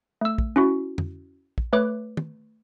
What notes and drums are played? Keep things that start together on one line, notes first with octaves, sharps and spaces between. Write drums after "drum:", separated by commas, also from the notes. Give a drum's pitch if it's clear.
A3 E6
drum: kick
C#4 E4 F#4
drum: tom F2
drum: kick
A3 B4 C#5 D6 F#6
drum: tom